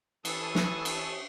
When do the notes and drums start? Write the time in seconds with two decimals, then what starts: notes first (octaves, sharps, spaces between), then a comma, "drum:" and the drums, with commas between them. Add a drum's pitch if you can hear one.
0.25 E3 A4 G#5 A5 C#6 D#6, drum: cymbal
0.55 drum: snare
0.85 drum: cymbal